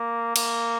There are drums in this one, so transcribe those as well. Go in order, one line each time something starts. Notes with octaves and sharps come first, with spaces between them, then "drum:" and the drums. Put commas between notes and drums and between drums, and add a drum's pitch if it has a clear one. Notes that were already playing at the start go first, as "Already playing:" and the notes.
Already playing: A#3
A#3, drum: cymbal